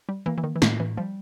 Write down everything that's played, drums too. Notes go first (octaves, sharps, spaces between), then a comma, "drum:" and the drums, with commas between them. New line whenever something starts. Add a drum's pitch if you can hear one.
G3
E3 A#3
E3
D#3
E3
A2 D#3, drum: snare
E3
F3 G3